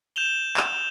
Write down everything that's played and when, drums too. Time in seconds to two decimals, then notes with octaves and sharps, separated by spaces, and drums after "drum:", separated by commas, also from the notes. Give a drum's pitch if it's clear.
0.16 G6 E7 F7 G7
0.57 drum: clap